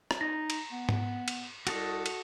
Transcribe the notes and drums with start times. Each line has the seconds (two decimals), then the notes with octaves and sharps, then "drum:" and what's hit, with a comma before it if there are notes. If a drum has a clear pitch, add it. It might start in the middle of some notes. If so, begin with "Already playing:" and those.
0.11 drum: rim click
0.21 D#4 A#5
0.50 drum: cymbal
0.72 B3
0.89 drum: tom G#2
1.28 drum: cymbal
1.67 C2 F#4 A4 D#5, drum: cymbal
2.06 drum: cymbal